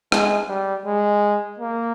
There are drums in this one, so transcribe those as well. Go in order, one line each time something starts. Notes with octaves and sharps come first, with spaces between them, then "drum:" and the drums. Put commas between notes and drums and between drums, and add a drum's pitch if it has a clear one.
G#3, drum: rim click
G3
G#3
A#3